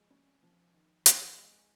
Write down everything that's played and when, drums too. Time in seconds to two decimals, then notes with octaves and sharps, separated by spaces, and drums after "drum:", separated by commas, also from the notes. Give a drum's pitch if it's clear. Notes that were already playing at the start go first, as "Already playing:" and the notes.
Already playing: F3 G#3
0.10 C#4
0.43 F3
0.74 D#3
1.06 E2, drum: hi-hat
1.37 G#3